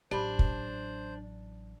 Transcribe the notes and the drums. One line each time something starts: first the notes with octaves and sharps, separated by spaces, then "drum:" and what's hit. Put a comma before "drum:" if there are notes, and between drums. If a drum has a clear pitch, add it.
A1 F#3 D4 G4 C5 B5
drum: kick